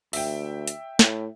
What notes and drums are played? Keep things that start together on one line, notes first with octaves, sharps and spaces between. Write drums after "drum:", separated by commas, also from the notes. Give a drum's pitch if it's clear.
D2 E5 G5, drum: open hi-hat
drum: hi-hat
A2, drum: snare